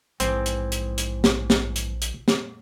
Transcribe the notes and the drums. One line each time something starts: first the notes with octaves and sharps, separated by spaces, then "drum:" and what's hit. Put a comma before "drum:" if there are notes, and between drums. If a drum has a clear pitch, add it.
A#1 G#2 E3 C4, drum: hi-hat
drum: hi-hat
drum: hi-hat
drum: hi-hat
drum: snare
drum: snare
drum: hi-hat
drum: hi-hat
drum: snare